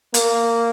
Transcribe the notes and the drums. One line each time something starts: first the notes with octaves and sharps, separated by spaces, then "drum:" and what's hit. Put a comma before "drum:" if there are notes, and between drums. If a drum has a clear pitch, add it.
A#3, drum: hi-hat